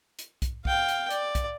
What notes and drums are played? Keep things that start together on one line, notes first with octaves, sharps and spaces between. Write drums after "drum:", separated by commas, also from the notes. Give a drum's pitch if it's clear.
drum: hi-hat
drum: kick B1, hi-hat
F5 G5, drum: kick B1
drum: hi-hat
D5, drum: hi-hat
drum: kick B1, hi-hat